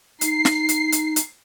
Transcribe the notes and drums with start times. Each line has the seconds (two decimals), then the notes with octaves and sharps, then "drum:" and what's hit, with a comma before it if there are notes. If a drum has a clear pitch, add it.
0.21 D#4 C7, drum: hi-hat
0.45 drum: snare
0.69 drum: hi-hat
0.92 drum: hi-hat
1.16 drum: hi-hat